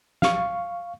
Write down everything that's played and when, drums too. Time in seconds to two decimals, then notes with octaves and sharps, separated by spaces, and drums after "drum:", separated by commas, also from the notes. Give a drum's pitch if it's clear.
0.22 F5 C#6, drum: snare